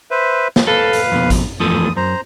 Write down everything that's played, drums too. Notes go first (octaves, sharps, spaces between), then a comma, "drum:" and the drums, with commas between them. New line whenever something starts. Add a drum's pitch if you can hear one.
B4 C5 E5
drum: snare
A4 B4 F5
drum: hi-hat
F2 B2
drum: kick A1, hi-hat
E2 F3 A3 D#6
F#2 C5 A#5